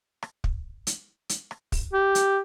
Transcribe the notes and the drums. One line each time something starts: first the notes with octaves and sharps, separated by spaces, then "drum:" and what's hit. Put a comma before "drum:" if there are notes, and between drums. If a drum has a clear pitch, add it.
drum: rim click
drum: kick
drum: hi-hat
drum: hi-hat
drum: rim click
drum: kick, open hi-hat
G4
drum: hi-hat